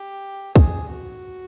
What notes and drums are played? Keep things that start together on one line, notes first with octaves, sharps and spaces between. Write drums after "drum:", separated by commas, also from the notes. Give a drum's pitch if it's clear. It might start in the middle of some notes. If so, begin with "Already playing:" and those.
Already playing: G4
G#4, drum: kick
F#4